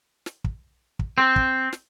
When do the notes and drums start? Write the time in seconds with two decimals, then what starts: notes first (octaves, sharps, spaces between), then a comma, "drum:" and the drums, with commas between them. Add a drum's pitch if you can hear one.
0.26 drum: snare
0.44 drum: kick
0.99 drum: kick
1.18 C4
1.36 drum: kick
1.73 drum: snare